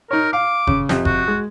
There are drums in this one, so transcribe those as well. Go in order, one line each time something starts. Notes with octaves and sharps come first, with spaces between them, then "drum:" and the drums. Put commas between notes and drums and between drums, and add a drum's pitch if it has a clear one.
D#4 A#4 C#5
F5 D6
C#3, drum: kick F#1
F2 C3, drum: snare
F#4, drum: kick F#1
G#3